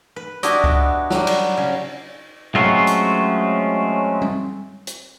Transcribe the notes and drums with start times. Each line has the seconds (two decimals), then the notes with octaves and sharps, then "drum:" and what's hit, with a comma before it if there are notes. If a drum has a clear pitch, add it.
0.16 B4
0.43 D4 E4 F#4 G4 D#5, drum: hi-hat
0.64 B3, drum: kick C#2
1.10 F#3 G3, drum: snare
1.27 drum: cymbal
1.57 C#3
2.55 F#3 G#3 A3 C4 C#4 F4
2.87 drum: hi-hat
4.22 drum: tom G3
4.87 drum: hi-hat